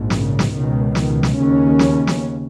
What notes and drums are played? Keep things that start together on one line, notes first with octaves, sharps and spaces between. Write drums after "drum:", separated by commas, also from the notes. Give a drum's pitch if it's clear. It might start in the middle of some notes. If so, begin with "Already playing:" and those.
Already playing: A#1 G#2
C#3, drum: snare
drum: snare
C#2 B2 D#3
D#3, drum: snare
drum: snare
D#2 C#3 C#4
drum: snare
drum: snare